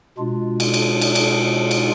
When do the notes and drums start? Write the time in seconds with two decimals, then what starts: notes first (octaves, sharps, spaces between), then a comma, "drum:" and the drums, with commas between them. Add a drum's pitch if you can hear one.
0.18 B2 G#3 D4 F4
0.60 drum: cymbal
0.74 drum: cymbal
1.01 drum: cymbal
1.15 drum: cymbal
1.71 drum: cymbal